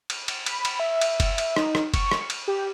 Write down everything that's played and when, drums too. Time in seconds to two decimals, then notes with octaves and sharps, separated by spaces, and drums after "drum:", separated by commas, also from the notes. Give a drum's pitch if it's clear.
0.10 drum: cymbal
0.28 drum: cymbal
0.46 B5, drum: cymbal
0.65 drum: cymbal
0.80 E5
1.01 drum: cymbal
1.20 drum: kick F#1, cymbal
1.38 drum: cymbal
1.56 D#4, drum: rim click
1.75 drum: rim click
1.94 C#6, drum: kick F#1, cymbal
2.11 drum: rim click
2.30 drum: cymbal
2.48 G4